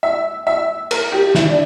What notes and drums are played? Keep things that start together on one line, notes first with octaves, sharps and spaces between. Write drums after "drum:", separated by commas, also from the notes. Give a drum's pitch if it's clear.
E5
E5
A#4, drum: cymbal
G4
E4, drum: snare
D4